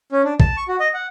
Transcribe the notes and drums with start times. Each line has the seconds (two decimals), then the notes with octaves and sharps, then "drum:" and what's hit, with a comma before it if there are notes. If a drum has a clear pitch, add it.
0.12 C#4
0.24 D4
0.40 A5, drum: kick
0.57 C#6
0.68 F#4
0.80 D#5
0.94 F#5